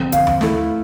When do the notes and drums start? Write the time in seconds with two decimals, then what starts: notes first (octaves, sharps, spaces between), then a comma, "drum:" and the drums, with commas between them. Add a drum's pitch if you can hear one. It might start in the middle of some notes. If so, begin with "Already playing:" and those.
Already playing: D3 F3 C4
0.12 F5, drum: hi-hat
0.27 drum: tom D#2
0.41 A3 E4 A4, drum: snare